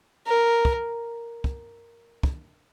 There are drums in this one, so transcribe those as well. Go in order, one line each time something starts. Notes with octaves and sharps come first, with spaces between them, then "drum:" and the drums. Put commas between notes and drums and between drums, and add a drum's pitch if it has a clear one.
A#4
drum: kick
drum: kick
drum: kick